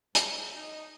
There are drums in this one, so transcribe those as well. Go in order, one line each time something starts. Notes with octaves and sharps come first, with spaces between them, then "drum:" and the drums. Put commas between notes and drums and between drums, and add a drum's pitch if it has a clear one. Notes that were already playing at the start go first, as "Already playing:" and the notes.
G#2, drum: hi-hat
D#4